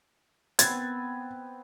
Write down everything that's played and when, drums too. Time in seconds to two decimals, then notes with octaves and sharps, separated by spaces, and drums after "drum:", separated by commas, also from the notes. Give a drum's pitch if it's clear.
0.59 B3 C4 G#6 A6, drum: hi-hat